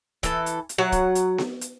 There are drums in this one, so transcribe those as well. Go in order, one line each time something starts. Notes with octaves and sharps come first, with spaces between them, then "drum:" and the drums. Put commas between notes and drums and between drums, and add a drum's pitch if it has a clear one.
E3 A4, drum: kick, hi-hat
drum: hi-hat
drum: hi-hat
F#3 F#5
drum: kick, hi-hat
drum: hi-hat
drum: snare B3
drum: hi-hat